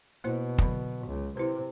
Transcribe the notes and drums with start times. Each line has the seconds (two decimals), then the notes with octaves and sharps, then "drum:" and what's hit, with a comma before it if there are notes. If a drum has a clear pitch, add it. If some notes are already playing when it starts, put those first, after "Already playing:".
0.24 B2 A#3 E4 C5
0.58 D3 F#3, drum: kick
1.07 C#2
1.37 C3 E4 B4